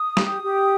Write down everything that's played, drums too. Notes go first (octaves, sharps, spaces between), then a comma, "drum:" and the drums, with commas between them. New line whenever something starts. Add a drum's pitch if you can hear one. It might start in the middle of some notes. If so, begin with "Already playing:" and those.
Already playing: D#6
G4, drum: snare
G4